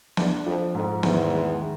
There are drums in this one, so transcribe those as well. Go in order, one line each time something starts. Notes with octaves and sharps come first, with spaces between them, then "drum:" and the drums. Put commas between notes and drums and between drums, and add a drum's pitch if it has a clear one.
E2 D4, drum: snare
F2 F3
F2 G#2
E2 D#3, drum: snare
G#3
D#3